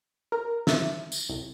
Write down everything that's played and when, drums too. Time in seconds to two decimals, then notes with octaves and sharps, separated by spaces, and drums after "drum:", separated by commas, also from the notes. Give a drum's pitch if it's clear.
0.32 A#4
0.67 E5, drum: snare
1.12 drum: tambourine
1.29 C2